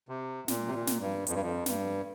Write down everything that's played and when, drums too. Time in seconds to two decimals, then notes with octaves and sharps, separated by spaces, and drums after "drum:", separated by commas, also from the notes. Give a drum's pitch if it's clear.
0.09 C3
0.48 A#2, drum: snare
0.68 C3
0.74 A#2
0.87 drum: snare
1.01 G2
1.27 F2, drum: hi-hat
1.34 G2
1.42 F2
1.66 G2, drum: snare